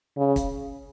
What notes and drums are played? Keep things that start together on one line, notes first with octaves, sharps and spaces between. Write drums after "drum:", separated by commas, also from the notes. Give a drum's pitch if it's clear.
C#3
drum: kick, hi-hat